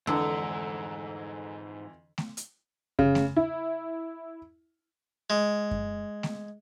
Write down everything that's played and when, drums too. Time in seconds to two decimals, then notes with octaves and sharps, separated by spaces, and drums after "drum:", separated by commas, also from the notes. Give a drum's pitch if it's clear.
0.07 F2 G#2 D3 E3 A4 F#5 A#5 E6
2.18 drum: snare A3
2.37 drum: hi-hat
2.99 C#3, drum: kick F#2
3.15 drum: snare A3
3.36 E4
5.30 G#3
5.71 drum: kick F#2
6.23 drum: snare A3